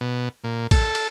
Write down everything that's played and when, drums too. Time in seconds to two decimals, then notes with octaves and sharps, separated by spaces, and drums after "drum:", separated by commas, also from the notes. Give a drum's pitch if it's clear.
0.01 B2
0.44 A#2
0.71 A4, drum: kick A#1, cymbal
0.95 drum: cymbal